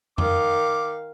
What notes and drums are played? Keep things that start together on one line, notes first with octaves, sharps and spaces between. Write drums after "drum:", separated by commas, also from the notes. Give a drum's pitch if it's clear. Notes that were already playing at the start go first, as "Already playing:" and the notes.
D#3 F5 D6, drum: tom F2